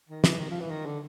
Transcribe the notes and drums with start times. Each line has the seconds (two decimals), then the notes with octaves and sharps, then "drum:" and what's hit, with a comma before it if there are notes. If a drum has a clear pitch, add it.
0.09 D#3
0.24 E3, drum: snare
0.39 D#3
0.50 F3
0.60 E3
0.71 D#3
0.86 D3